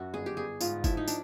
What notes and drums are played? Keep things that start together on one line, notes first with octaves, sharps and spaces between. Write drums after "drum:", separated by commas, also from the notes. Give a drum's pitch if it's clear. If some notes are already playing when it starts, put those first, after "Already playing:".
Already playing: F#2 F#4
G1 G#4
G4
G1 G#4
G#2 F4, drum: tambourine
F3 E4, drum: kick F#1, tambourine
D#4
D4, drum: tambourine